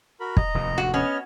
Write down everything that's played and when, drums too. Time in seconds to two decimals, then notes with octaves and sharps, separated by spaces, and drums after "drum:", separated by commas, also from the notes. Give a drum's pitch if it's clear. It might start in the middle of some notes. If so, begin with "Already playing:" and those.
0.20 F#4 A#4 B5
0.37 D#5 A#5, drum: kick
0.54 F1 D#2 A2
0.78 F#4
0.94 B3 C#4 D#5 F6